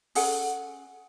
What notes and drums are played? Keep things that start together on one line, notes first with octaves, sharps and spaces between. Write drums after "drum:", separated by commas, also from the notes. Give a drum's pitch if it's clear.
C#4 G#4 A4 F#5, drum: open hi-hat